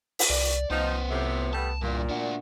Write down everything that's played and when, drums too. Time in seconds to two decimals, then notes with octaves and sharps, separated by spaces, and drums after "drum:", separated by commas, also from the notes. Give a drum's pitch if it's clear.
0.19 drum: open hi-hat
0.30 C2 D5
0.70 C2 F3 B3 D#4 C5
1.09 F2 A2 C3
1.53 G3 A3 B3 A5
1.82 G2 A#2 A#3
2.09 D4 F#4